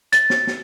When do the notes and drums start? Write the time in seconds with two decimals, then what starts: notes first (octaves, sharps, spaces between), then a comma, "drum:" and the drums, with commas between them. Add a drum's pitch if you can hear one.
0.12 A6, drum: hi-hat
0.30 drum: snare
0.47 drum: snare